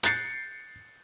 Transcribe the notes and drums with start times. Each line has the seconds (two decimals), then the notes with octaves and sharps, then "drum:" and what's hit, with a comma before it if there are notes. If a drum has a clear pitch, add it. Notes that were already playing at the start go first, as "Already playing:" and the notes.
0.03 F#6 G6 A6 C7 C#7, drum: hi-hat